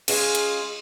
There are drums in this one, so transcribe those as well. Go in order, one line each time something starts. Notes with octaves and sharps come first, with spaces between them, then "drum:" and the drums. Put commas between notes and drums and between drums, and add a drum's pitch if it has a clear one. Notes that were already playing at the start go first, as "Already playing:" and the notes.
C#3 G#3 F4 G#4, drum: cymbal
drum: hi-hat